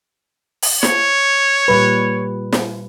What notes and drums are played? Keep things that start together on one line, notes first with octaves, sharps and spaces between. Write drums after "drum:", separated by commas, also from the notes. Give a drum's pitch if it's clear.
drum: open hi-hat
C#5, drum: snare
A#2 G3 B4
drum: snare